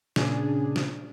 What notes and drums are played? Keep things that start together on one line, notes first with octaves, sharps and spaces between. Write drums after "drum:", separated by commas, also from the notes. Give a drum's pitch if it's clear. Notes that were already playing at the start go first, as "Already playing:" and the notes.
A#2 C#3 D4 G#4, drum: snare
drum: snare